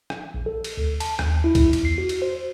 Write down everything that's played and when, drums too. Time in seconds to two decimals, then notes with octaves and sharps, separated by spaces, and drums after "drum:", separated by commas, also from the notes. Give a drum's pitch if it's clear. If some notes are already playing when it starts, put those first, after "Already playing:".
0.10 drum: rim click
0.34 A#1
0.46 A4
0.64 drum: cymbal
0.77 D2
1.00 A5, drum: cymbal
1.19 D#2, drum: rim click
1.44 E4
1.55 drum: kick C2, cymbal
1.73 E2, drum: cymbal
1.85 C7
1.98 F#4
2.09 drum: cymbal
2.22 C5